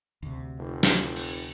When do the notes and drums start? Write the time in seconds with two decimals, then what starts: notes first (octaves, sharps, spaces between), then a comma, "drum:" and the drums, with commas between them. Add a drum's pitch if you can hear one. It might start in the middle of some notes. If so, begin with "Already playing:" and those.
0.23 D2 C3
0.59 F1
0.83 drum: snare
1.16 drum: cymbal